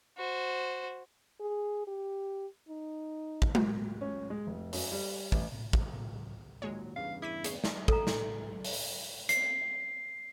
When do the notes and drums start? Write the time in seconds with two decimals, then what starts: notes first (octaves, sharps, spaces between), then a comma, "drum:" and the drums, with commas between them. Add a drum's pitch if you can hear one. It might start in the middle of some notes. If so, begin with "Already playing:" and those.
0.17 F#4 C5
1.41 G#4
1.87 G4
2.69 D#4
3.42 drum: kick
3.55 drum: tom G#3
4.01 C#4
4.30 G#3
4.47 F1
4.73 F#2, drum: open hi-hat
4.92 G3
5.32 A1, drum: kick
5.73 drum: kick
6.62 D#2 A#2 F#3 G#3 C#5
6.96 E2 G2 C#3 F5
7.22 E4 D6 B6 D#7
7.44 G#4 C#6 C7, drum: hi-hat
7.64 drum: snare
7.88 A4 A#5, drum: kick
8.07 drum: snare
8.65 drum: open hi-hat
9.29 C7, drum: hi-hat